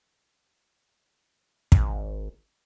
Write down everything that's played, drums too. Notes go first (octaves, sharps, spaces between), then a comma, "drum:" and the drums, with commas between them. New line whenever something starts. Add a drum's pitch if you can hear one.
G#1, drum: kick